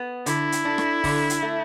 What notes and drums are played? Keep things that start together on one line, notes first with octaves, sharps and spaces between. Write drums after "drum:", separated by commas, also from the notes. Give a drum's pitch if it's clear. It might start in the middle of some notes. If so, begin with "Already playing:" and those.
Already playing: B3
D3 E4, drum: hi-hat
drum: hi-hat
D4
drum: rim click
D3, drum: kick, open hi-hat
drum: hi-hat
A3